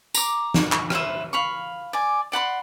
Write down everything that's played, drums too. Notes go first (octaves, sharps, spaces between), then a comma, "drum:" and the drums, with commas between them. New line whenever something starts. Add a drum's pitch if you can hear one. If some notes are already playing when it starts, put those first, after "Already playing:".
A#5 D6, drum: tambourine
drum: snare
C#6, drum: clap
G4 B4 C5 E5, drum: rim click
F5 B5 C#6
D5 G#5
D5 F#5 B5 C6